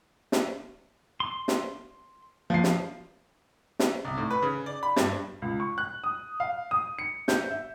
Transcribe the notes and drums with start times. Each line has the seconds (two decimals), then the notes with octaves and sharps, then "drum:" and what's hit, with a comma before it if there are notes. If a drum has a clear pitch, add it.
0.32 drum: snare
1.20 C6
1.48 drum: snare
2.50 F3 C7
2.64 drum: snare
3.79 drum: snare
4.05 C2
4.17 A2
4.30 B4
4.42 C#3
4.66 D5
4.83 B5
4.96 G2, drum: snare
5.42 C#2
5.60 C#6
5.78 F#6
6.04 D#6
6.40 F5
6.71 D#6
6.99 C#7
7.28 G6, drum: snare
7.50 E5